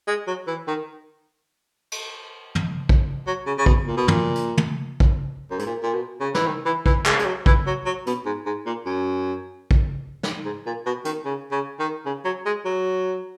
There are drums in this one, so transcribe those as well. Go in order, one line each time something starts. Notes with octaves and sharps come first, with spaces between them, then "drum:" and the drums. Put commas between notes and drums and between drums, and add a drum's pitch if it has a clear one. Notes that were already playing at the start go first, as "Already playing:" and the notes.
G#3
F#3
E3
D#3
drum: cymbal
drum: tom
drum: kick A#1
F#3
C#3
C#3
B2, drum: kick A#1
A#2
B2
A#2, drum: tom
drum: hi-hat
drum: tom
drum: kick A#1
F#2
G#2, drum: hi-hat
A#2
A#2
B2
C#3
E3, drum: snare
D#3
E3
E3, drum: kick A#1
G#3, drum: clap
G#3, drum: hi-hat
F#3
E3, drum: kick A#1
F#3
F#3
B2, drum: hi-hat
G#2
G#2
A#2
F#2
drum: kick A#1
drum: snare
G#2
A#2
B2
D#3, drum: hi-hat
C#3
C#3
D#3
C#3
F#3
G#3
F#3